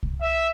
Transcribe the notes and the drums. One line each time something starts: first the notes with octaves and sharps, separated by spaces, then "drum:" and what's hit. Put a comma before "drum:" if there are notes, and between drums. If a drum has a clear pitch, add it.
drum: kick C2
E5